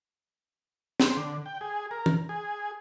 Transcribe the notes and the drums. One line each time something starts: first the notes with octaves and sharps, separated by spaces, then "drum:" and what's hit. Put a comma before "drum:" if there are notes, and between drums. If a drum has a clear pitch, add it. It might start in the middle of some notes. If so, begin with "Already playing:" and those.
C5, drum: snare
D3
G5
G#4
A#4
drum: tom
G#4